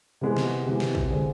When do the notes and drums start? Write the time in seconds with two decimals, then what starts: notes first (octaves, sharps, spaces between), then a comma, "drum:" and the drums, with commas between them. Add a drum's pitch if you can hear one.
0.21 C3 E3 G#3 B3
0.37 drum: snare
0.66 C3 E3 G#3 B3
0.80 drum: snare
0.95 drum: kick
1.09 D3 G#3 C4 G#4 D5